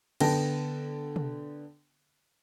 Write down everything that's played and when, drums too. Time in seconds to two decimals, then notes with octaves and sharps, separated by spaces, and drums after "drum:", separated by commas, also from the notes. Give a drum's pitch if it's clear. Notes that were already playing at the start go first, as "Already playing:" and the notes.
0.20 D3 B3 G5 A5 A#6, drum: cymbal
1.16 drum: tom